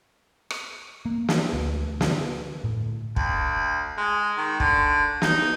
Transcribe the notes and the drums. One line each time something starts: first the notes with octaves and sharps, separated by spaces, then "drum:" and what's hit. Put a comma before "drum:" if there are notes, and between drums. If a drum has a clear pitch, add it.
drum: rim click
A#3
drum: snare
D2
D3, drum: snare
A2
D2, drum: kick
G#3
D#3
D3, drum: kick
D#4, drum: snare